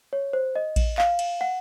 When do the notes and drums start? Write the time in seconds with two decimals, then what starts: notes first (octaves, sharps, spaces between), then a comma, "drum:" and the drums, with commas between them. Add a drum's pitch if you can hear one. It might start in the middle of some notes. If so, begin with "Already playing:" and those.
0.13 C#5
0.33 C5
0.56 D#5
0.76 drum: kick A1, cymbal
0.98 F5, drum: clap
1.19 drum: cymbal
1.41 F#5